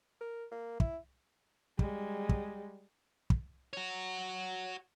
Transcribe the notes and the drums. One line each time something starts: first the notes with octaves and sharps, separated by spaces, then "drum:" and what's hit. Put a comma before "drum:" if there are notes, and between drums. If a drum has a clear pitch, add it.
A#4
A#3
E4, drum: kick
G3 G#3, drum: kick
drum: kick
drum: kick
F#4 C#5